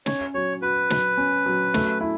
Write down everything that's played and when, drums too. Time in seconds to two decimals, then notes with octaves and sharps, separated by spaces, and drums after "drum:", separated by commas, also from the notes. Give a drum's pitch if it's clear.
0.06 C#4 C#5, drum: snare
0.34 F#3 C#5
0.62 F#4 B4
0.90 F#3, drum: snare
1.17 C#4
1.46 F#3
1.74 A3, drum: snare
2.01 E4